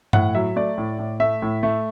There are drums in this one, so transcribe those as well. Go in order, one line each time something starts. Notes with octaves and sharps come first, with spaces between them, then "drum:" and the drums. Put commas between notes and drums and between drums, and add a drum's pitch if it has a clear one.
A2 F#5, drum: tom G2
F#3 E5
A3 D5
A2
A2
A3 E5
A2
A3